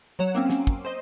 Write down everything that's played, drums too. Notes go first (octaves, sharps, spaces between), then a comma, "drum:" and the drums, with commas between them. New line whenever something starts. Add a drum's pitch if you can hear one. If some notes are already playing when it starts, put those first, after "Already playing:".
F#3 C#5 F#5 E7
A#3 C4 C#4
drum: snare
drum: kick
C5 D#5